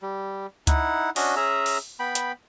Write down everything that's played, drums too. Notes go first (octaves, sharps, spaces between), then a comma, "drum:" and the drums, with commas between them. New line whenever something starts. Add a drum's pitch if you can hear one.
G3
D#4 E4 F#5, drum: kick C#2, hi-hat
C#4 D4 F#4 D#5, drum: open hi-hat
C#4 G#4 E5 A#5
drum: open hi-hat
B3 G5 B5
drum: hi-hat